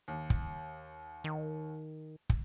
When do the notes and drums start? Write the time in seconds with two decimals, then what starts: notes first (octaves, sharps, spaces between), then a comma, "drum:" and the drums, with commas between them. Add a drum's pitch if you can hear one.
0.08 D#2
0.30 drum: kick
1.24 D#3
2.30 drum: kick